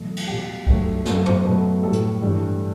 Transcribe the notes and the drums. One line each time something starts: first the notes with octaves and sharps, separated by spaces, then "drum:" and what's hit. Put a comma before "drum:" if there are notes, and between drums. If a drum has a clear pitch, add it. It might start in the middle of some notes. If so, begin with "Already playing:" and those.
Already playing: E2 B2 F#3 A3
drum: cymbal
B2 G3 G4
G2 F#3 A3, drum: kick C2
F#2 F#3 A3 A4, drum: snare
C5, drum: tom
B2 F#3 A3 B4
A2 G3 A4
drum: hi-hat
G2 E3 G3